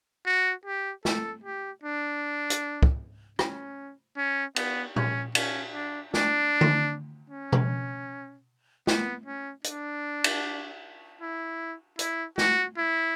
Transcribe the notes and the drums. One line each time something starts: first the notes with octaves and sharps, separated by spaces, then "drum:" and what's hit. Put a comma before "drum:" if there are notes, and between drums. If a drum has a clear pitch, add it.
F#4
G4
A4, drum: snare
G4
D4
drum: hi-hat
drum: kick
C#4, drum: rim click
C#4
B3, drum: cymbal
C#4, drum: tom A#2
C#4, drum: cymbal
D4
D4, drum: snare
drum: tom D3
C#4
drum: tom B2
B3, drum: snare
C#4
D4, drum: hi-hat
drum: cymbal
E4
E4, drum: hi-hat
F#4, drum: snare
E4